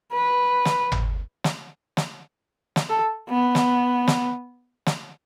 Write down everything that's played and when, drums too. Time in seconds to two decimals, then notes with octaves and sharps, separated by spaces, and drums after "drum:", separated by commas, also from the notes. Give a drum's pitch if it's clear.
0.13 B4
0.65 drum: snare
0.92 drum: tom G#1
1.44 drum: snare
1.97 drum: snare
2.76 drum: snare
2.89 A4
3.29 B3
3.55 drum: snare
4.08 drum: snare
4.86 drum: snare